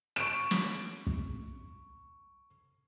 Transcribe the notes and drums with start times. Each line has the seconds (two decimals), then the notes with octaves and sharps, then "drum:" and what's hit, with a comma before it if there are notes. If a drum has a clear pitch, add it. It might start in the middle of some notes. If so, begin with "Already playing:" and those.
0.16 C#6 D7 E7, drum: rim click
0.51 drum: snare
1.07 drum: kick